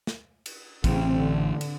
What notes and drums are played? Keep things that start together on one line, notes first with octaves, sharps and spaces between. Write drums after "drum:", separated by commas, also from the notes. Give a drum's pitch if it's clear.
drum: snare
drum: cymbal
A1 C#3 C4, drum: kick, cymbal
D3
drum: cymbal